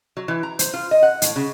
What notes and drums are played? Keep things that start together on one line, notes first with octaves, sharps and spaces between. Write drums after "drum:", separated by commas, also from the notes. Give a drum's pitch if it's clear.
F#3
E3
A#5
C5, drum: hi-hat
F4
D#5
F#5
A2, drum: hi-hat
C#3